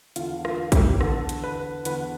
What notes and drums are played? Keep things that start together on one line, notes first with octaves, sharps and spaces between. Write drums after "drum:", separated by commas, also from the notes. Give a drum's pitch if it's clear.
E2 D3 F4, drum: hi-hat
F4, drum: rim click
G4, drum: kick, hi-hat
E2 D3 A4, drum: rim click
drum: hi-hat
B4
E2 D3 B4, drum: hi-hat